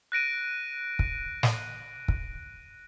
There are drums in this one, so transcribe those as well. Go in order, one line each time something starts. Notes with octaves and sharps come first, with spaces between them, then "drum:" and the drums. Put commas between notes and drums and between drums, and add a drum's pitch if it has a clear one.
F#6 A#6 D7 D#7
drum: kick
drum: snare
drum: kick